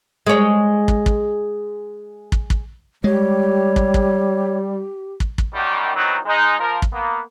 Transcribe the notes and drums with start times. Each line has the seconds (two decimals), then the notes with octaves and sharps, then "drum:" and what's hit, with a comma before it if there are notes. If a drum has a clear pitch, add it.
0.26 G#3 C#5
0.88 drum: kick
1.06 drum: kick
2.32 drum: kick
2.50 drum: kick
3.04 G3 G#3 G4 C#5
3.76 drum: kick
3.94 drum: kick
5.20 drum: kick
5.38 drum: kick
5.53 F#2 D#3 G3
5.94 D#3 E3 F#3 B3 C4 D#4
6.25 G#3 D#4
6.59 F3 A#4
6.82 drum: kick
6.92 A#3 B3